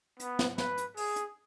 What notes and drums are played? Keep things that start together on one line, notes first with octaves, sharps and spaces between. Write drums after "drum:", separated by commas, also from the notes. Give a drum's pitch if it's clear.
B3, drum: hi-hat
drum: snare
B4, drum: snare
drum: hi-hat
G#4, drum: open hi-hat
drum: hi-hat